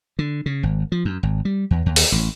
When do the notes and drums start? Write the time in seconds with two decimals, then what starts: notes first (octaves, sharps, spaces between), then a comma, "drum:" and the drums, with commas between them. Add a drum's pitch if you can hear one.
0.19 D3
0.46 C#3
0.63 G#1
0.92 F3
1.05 F#2
1.23 G#1
1.45 G3
1.71 E2
1.86 D#2
1.96 drum: open hi-hat
2.12 A1